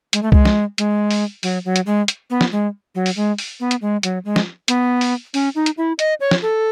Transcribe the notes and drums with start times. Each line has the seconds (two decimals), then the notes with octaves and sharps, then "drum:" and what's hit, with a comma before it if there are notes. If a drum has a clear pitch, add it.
0.13 G#3, drum: hi-hat
0.23 A3
0.32 G#3, drum: kick C2
0.45 drum: snare
0.78 G#3, drum: hi-hat
1.11 drum: open hi-hat
1.43 F#3, drum: open hi-hat
1.65 F#3
1.76 drum: hi-hat
1.86 G#3
2.08 drum: hi-hat
2.30 B3
2.41 drum: snare
2.52 G#3
2.95 F#3
3.06 drum: open hi-hat
3.16 G#3
3.38 drum: open hi-hat
3.60 B3
3.71 drum: hi-hat
3.82 G#3
4.03 F#3, drum: hi-hat
4.25 G#3
4.36 drum: snare
4.68 B3, drum: hi-hat
5.01 drum: open hi-hat
5.34 C#4, drum: open hi-hat
5.55 D#4
5.66 drum: hi-hat
5.77 E4
5.99 D#5, drum: hi-hat
6.20 C#5
6.31 drum: snare
6.42 A4